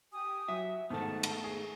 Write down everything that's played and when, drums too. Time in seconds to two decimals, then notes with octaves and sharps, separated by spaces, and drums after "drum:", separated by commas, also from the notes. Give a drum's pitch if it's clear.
0.12 G4 G#5 D#6
0.48 F#3 E5
0.90 G#2 D#3 A3 B3 A4 F#5 A5
1.23 drum: cymbal
1.44 G#4